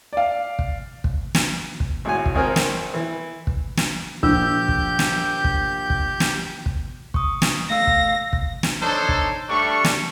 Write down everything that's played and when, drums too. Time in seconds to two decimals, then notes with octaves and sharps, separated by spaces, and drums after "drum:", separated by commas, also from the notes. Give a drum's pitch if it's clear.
0.13 D5 F5
0.59 drum: kick
1.04 drum: kick
1.35 drum: snare
1.80 drum: kick
2.05 G#1 A2 F#4 G#5
2.26 drum: kick
2.35 G#1 D#3 C4 A#4 G#5
2.56 drum: snare
2.94 E3
3.47 drum: kick
3.77 drum: snare
4.23 A#1 G4 E6 G6, drum: kick
4.68 drum: kick
4.99 drum: snare
5.44 drum: kick
5.90 drum: kick
6.20 drum: snare
6.66 drum: kick
7.14 C#6 D#6, drum: kick
7.42 drum: snare
7.70 A3 F5 E6 A#6
7.87 drum: kick
8.33 drum: kick
8.63 drum: snare
8.81 D4 D#4 A4 C5 C#5
9.09 drum: kick
9.49 G3 A3 D4 C#6
9.85 drum: snare